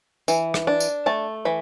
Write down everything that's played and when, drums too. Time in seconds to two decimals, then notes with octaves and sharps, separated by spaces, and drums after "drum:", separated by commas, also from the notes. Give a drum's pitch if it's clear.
0.28 E3, drum: tambourine
0.54 drum: rim click
0.67 D4
0.80 drum: tambourine
1.06 A3 A5
1.45 E3 B5